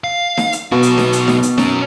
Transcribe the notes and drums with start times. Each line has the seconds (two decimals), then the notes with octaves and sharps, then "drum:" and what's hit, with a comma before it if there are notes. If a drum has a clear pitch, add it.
0.04 F5
0.37 drum: snare D#4
0.52 drum: hi-hat
0.72 B1 B2 F#4
0.83 drum: hi-hat
0.98 drum: snare D#4
1.13 drum: hi-hat
1.28 drum: snare D#4
1.43 drum: hi-hat
1.58 C#4 F#4, drum: snare D#4